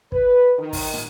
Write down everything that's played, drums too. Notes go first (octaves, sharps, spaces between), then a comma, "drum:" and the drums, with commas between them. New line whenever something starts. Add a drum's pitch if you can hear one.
B4, drum: kick
D#3
drum: kick, open hi-hat
drum: tom